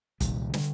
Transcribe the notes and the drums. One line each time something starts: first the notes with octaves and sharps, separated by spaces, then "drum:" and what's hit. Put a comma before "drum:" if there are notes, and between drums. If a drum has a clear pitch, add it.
C2 A#2 D#3 G3, drum: kick, hi-hat
D3, drum: snare